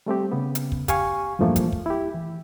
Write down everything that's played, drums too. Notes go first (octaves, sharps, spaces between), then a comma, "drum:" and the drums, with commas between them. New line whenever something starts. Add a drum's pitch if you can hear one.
G3 A3 C4 G4
C#3 B3
drum: hi-hat
drum: kick
G4 F5 G#5 C#6, drum: kick, hi-hat
E2 G2 A#2 F3 A3 A#3
drum: kick, hi-hat
drum: kick
E4 G4
E3